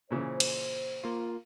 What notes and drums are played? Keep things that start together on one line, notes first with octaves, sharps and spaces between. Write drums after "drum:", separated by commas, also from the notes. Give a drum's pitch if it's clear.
A#2 C#3 E3 C5
drum: cymbal
A#3 F4